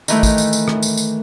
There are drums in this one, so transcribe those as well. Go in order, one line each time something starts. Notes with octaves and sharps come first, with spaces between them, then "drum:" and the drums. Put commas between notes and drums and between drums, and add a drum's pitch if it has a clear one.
D#3 E3 A3, drum: tambourine
drum: kick, tambourine
drum: tambourine
drum: tambourine
drum: rim click
drum: tambourine
drum: tambourine